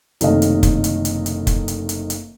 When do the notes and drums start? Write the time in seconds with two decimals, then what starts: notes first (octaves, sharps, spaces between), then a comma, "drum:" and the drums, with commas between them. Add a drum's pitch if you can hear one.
0.21 F#1 C3 D#3 A3 D#5 F5, drum: hi-hat
0.42 drum: hi-hat
0.63 drum: kick, hi-hat
0.84 drum: hi-hat
1.05 drum: hi-hat
1.26 drum: hi-hat
1.47 drum: kick, hi-hat
1.68 drum: hi-hat
1.89 drum: hi-hat
2.10 drum: hi-hat